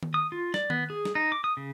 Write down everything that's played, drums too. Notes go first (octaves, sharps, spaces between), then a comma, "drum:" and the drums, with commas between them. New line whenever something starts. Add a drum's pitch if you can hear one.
drum: tom D#3
D#6
F4
D5, drum: snare
B3, drum: tom D#3
G#4
drum: snare
D#4
D6
D#6
C#3